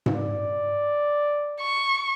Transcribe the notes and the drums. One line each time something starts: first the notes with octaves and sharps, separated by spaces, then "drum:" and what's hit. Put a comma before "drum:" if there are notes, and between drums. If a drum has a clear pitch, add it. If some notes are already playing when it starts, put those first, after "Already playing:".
drum: tom G#2
D5
C#6